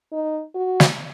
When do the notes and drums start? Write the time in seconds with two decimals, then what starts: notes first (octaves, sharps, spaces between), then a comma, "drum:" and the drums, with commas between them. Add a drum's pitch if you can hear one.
0.13 D#4
0.55 F#4
0.80 drum: snare